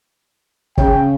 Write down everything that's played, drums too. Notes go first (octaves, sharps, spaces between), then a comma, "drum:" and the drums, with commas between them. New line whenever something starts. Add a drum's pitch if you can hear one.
C#3 G5, drum: kick